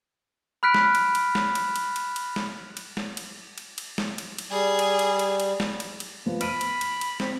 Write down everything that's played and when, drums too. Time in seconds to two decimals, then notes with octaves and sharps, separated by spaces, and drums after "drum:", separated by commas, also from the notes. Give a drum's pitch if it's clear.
0.63 B5 F6 F#6 B6 D7
0.74 drum: snare
0.95 drum: cymbal
1.15 drum: cymbal
1.35 drum: snare
1.55 drum: cymbal
1.76 drum: cymbal
1.96 drum: cymbal
2.16 drum: cymbal
2.36 drum: snare
2.77 drum: cymbal
2.97 drum: snare
3.17 drum: cymbal
3.58 drum: cymbal
3.78 drum: cymbal
3.98 drum: snare
4.18 drum: cymbal
4.38 drum: cymbal
4.51 G3 G#4
4.79 drum: cymbal
4.99 drum: cymbal
5.19 drum: cymbal
5.40 drum: cymbal
5.60 drum: snare
5.80 drum: cymbal
6.00 drum: cymbal
6.26 F3 B3
6.41 B5 F6 D7 D#7, drum: cymbal
6.61 drum: cymbal
6.81 drum: cymbal
7.01 drum: cymbal
7.20 C4, drum: snare